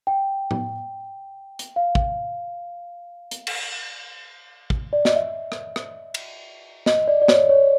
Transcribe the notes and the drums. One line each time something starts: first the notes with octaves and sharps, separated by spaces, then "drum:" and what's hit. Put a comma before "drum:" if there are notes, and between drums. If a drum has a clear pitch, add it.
G5
drum: tom
drum: hi-hat
F5
drum: kick
drum: hi-hat
drum: cymbal
drum: kick
D5
D#5, drum: snare
E5
drum: rim click
drum: rim click
drum: cymbal
D#5, drum: snare
D5
D5
C#5, drum: snare
C#5